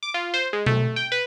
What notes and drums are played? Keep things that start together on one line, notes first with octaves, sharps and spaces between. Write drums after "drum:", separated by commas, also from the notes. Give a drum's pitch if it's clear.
D6
F4
C5
G#3
A3, drum: tom B2
G5
B4